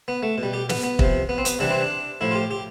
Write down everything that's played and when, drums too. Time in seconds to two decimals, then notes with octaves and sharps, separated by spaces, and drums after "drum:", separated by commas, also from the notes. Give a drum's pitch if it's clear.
0.08 B3
0.23 A3
0.38 B2
0.43 G3
0.53 G4
0.69 B3, drum: snare
0.83 B3
0.99 C3 F3, drum: kick
1.29 B3
1.38 C4
1.45 B3, drum: hi-hat
1.59 C3 E3 G3 D4
1.70 C4
1.81 D4
2.21 A2 F3 E4
2.31 F4
2.35 G4
2.51 G4